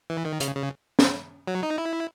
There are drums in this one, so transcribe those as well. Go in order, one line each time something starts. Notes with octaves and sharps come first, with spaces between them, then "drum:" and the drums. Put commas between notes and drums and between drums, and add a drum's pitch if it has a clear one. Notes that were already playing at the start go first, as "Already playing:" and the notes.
E3
D#3
C#3, drum: hi-hat
C#3
drum: snare
F#3
D#4
E4